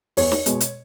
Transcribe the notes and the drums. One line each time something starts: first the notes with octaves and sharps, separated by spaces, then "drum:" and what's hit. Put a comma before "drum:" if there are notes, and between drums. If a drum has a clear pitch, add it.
E2 C#5, drum: open hi-hat
drum: snare
B2 G#3, drum: hi-hat
drum: hi-hat